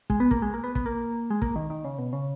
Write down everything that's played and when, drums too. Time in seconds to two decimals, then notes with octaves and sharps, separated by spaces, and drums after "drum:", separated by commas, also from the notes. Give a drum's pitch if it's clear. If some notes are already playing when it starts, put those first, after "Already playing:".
0.10 G#3, drum: kick
0.20 B3
0.31 A#3, drum: kick
0.42 G#3
0.54 A#3
0.64 B3
0.75 B3, drum: kick
0.86 A#3
1.30 G#3
1.42 A#3, drum: kick
1.56 D#3
1.70 D#3
1.84 C#3
1.99 B2
2.13 C#3